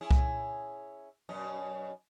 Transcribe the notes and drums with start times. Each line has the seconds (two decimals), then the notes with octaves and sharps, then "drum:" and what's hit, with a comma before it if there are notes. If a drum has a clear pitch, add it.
0.01 C#4 E4 G#4
0.11 drum: kick C2
1.29 F#2 B2 C#4